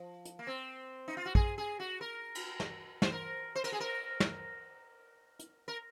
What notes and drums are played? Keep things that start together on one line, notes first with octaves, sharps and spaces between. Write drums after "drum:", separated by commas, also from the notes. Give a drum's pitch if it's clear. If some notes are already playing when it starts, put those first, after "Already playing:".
Already playing: F3
drum: hi-hat
A#3
C4
D#4
F4
F#4
G#4, drum: kick
G#4
F#4
A#4
drum: cymbal
drum: snare
C5, drum: snare
A#4
C5
A#4, drum: cymbal
G#4
A#4
drum: snare
drum: hi-hat
A#4